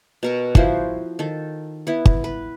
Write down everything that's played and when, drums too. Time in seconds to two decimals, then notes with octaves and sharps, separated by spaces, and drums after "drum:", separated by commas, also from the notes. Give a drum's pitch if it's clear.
0.23 B2 A#4 C#6
0.55 F3 E4 F#4 C5, drum: kick
1.19 D#3 A4
1.87 B3 E4
2.05 drum: kick
2.24 B4